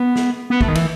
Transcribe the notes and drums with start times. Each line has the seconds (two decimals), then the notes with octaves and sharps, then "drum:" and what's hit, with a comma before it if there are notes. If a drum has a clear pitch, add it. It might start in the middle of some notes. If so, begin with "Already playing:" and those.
Already playing: B3
0.16 drum: snare
0.50 B3
0.61 A3, drum: kick
0.68 D#3
0.75 E3, drum: cymbal